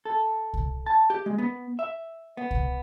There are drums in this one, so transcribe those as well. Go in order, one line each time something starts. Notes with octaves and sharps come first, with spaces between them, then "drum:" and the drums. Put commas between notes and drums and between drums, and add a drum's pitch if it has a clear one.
A4
drum: kick C2
A5
G4
G#3
B3
E5
B3
drum: kick C2